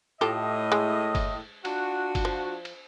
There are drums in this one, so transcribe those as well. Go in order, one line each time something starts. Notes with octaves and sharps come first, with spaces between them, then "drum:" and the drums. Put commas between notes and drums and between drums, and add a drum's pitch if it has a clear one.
A2 F4 G4 A4 D#5
G#3
drum: kick F#1, cymbal
D4 F4 F#4, drum: cymbal
drum: kick F#1, cymbal
F3
drum: cymbal